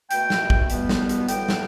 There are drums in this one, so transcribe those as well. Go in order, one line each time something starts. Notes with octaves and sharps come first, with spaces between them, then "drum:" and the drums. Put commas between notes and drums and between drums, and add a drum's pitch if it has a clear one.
B2 A3 G5, drum: hi-hat
drum: snare
drum: kick
B2 G3 B3, drum: hi-hat
drum: snare
drum: hi-hat
A2 G3 B3 G5, drum: hi-hat
drum: snare